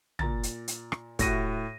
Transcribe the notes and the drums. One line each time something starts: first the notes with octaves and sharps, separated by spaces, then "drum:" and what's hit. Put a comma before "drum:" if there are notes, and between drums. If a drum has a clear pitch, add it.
A#2 A#5 A6, drum: tom
drum: hi-hat
drum: hi-hat
drum: rim click
A2 E4 F#4 G4 A#6 D#7, drum: kick, hi-hat